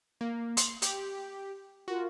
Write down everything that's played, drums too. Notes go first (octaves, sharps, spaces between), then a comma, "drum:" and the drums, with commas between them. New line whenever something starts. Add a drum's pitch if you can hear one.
A#3
C6, drum: hi-hat
G4, drum: hi-hat
F4 F#4 A#4